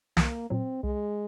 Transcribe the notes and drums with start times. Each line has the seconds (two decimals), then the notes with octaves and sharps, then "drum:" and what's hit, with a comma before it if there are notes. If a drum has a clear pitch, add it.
0.17 C2 A#3, drum: snare
0.50 A#2 F#3 C4
0.83 C2 G#3